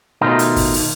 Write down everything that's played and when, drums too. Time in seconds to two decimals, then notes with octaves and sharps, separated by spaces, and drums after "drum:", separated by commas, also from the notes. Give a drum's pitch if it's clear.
0.21 B2 D#3 A3 D#4 F4
0.39 drum: hi-hat
0.56 drum: kick, open hi-hat
0.74 drum: open hi-hat